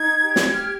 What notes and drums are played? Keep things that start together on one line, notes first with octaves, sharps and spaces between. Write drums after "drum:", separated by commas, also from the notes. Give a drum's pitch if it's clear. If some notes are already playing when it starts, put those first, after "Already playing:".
Already playing: D#4 G#6
G4
drum: snare
F6